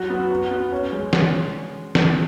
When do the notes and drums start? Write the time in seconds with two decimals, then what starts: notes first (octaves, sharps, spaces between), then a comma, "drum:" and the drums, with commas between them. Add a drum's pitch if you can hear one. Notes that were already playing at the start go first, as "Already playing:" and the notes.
Already playing: F#3 F#4
0.10 B3
0.31 F#4
0.51 B3
0.72 C#4
0.92 G#3
1.13 drum: snare
1.95 drum: snare